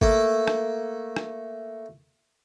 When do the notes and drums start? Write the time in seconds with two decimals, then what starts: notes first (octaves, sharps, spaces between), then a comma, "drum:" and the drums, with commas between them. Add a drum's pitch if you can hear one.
0.01 A3 A#3, drum: kick G#1
0.47 drum: rim click
1.16 drum: rim click